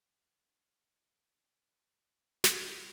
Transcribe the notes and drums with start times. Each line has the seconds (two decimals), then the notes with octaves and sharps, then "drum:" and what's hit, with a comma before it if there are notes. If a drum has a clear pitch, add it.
0.06 E3 F3 G#3 C4
2.44 drum: snare